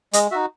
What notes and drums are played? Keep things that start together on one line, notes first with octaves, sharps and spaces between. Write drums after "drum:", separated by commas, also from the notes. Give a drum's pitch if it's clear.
G#3 D#5, drum: hi-hat
D#4 F#4 E5